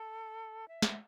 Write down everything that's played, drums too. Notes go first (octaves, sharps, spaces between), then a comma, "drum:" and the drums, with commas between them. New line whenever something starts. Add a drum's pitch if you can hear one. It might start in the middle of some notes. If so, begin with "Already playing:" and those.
Already playing: A4
E5
drum: snare